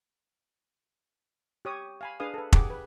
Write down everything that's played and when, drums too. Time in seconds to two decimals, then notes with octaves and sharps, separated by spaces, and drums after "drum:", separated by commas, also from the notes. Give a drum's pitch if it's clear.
1.65 G4 C#5 D#6
2.01 F5 G#5 B5
2.20 D4 G#4 B4 F5 D#6
2.34 A4 B4
2.53 G4 G#4 F#5 D6, drum: kick
2.70 B4